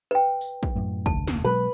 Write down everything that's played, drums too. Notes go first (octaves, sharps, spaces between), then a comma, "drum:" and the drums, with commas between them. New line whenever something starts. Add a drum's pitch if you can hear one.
B4 G5
drum: tambourine
drum: kick
F#2 A2
F1 D2 A5, drum: kick
drum: snare
B2 F#3 G#3 B4